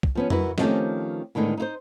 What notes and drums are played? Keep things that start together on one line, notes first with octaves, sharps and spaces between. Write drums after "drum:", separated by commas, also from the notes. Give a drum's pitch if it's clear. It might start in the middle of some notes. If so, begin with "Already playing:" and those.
drum: kick
F3 B3 C#4
E4 F#4 A#4 B4, drum: tom F2
D#3 F3 A3 C4 C#4 G4, drum: snare
A2 D3 D#3 G#3 B3
D#4 E4 C5